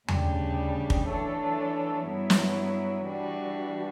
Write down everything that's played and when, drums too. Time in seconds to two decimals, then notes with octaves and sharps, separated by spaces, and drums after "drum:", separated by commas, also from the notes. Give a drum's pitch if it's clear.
0.08 D2 C#3 G3 D4 G4, drum: tom E2
0.90 drum: kick
1.08 E3 A3 D4 A4 C#5
2.06 G2 F#3 B3 E4
2.30 drum: snare
3.06 E3 G3 D4 F#4